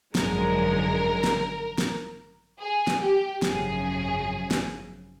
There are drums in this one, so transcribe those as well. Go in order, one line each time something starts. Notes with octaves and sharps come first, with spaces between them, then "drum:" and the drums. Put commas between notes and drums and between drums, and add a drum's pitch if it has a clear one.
G#1 F#2 D3 F3 G#3 A#4, drum: snare
drum: snare
drum: snare
G#4
drum: snare
G4
G#1 F#2 C#3 F3 G#4, drum: snare
drum: snare